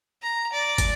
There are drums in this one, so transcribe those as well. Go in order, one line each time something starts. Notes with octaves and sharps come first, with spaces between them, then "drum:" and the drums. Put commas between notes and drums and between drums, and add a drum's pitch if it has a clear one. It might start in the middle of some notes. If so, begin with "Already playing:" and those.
A#5
D5
drum: kick, hi-hat